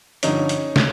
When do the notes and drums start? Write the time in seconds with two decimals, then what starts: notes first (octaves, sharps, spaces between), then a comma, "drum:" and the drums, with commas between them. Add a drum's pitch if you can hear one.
0.23 G2 D3 F3 C#4 D#4, drum: hi-hat
0.49 drum: hi-hat
0.76 drum: snare